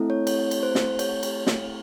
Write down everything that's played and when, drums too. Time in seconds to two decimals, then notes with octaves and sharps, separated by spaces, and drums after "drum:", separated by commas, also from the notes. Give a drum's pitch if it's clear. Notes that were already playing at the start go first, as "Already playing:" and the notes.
Already playing: A3 C4 E4 A4
0.10 C#5
0.27 C#5, drum: cymbal
0.51 drum: cymbal
0.63 C5
0.75 drum: snare
0.99 C#5, drum: cymbal
1.23 drum: cymbal
1.47 drum: snare